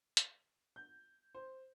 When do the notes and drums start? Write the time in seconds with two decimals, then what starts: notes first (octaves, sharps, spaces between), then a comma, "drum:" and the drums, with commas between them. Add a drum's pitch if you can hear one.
0.17 drum: hi-hat
0.76 G6
1.35 C5